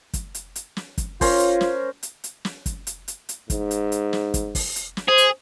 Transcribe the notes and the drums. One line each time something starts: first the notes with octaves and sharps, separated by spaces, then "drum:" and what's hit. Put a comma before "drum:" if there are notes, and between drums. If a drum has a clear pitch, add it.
drum: kick, hi-hat
drum: hi-hat
drum: hi-hat
drum: snare
drum: kick, hi-hat
C#4 F4 A#4 C5, drum: kick, open hi-hat
drum: hi-hat
drum: snare
drum: hi-hat
drum: hi-hat
drum: snare
drum: kick, hi-hat
drum: hi-hat
drum: hi-hat
drum: hi-hat
G#2, drum: kick, hi-hat
drum: hi-hat
drum: hi-hat
drum: snare
drum: kick, hi-hat
drum: kick, open hi-hat
drum: hi-hat
drum: snare
G#4 C5
drum: hi-hat